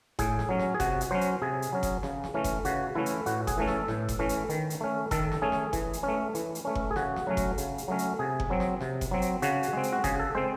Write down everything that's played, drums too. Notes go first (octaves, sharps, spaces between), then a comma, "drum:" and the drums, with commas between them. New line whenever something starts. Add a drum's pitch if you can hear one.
A2 G#4, drum: kick F#1, hi-hat
drum: snare
F#3 C#4
drum: snare
G#4
C3 F#4, drum: kick F#1, hi-hat
drum: hi-hat
F#3 C#4 C5
drum: hi-hat
C3 G#4
drum: hi-hat
F#3 C#4
drum: kick F#1, hi-hat
C#3, drum: snare
drum: snare
E3 A3 C#4
drum: kick F#1, hi-hat
C#3 F#4, drum: hi-hat
E3 A3 C#4 E4
drum: hi-hat
A2 F#4, drum: hi-hat
G#4, drum: kick F#1, hi-hat
E3 A3 C#4
A4, drum: snare
A2, drum: snare
drum: kick F#1, hi-hat
E3 A3 C#4
drum: hi-hat
D#3, drum: hi-hat
drum: hi-hat
A3 C#4
D#3 A4, drum: kick F#1, hi-hat
drum: snare
A3 C#4 G#4
drum: snare
E3, drum: kick F#1, hi-hat
drum: hi-hat
C#4
A3
E3, drum: hi-hat
drum: hi-hat
A3 C#4
drum: kick F#1
G#4
C#3 F#4, drum: snare
drum: snare
F#3 A3 C#4
drum: kick F#1, hi-hat
C#3, drum: hi-hat
drum: hi-hat
F#3 A3 C#4
drum: hi-hat
C3 G#4
drum: kick F#1
F#3 C4
drum: snare
C3, drum: snare
drum: kick F#1, hi-hat
F#3 C4
drum: hi-hat
C#3 F#4, drum: hi-hat
drum: hi-hat
G#3 C4
drum: hi-hat
F#4
C#3 G#4, drum: kick F#1, hi-hat
A4
G#3 C4 C5